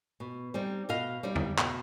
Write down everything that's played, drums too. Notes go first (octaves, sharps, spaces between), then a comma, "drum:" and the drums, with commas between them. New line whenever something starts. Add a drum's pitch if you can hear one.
B2
G3 C4 D#4
B2 D#5 F5
G3 C4 D#4
drum: tom
B2, drum: clap